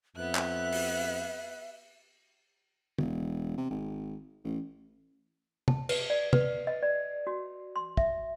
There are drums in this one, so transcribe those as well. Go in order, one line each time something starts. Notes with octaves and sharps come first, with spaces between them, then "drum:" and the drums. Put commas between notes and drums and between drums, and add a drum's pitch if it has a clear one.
F2 B3 E5 F#6
drum: clap
drum: open hi-hat
E1, drum: tom
C3
G#1
A1
A5, drum: tom
B4, drum: cymbal
D5
B4, drum: tom
D#5
D5
F#4
C6
E5, drum: kick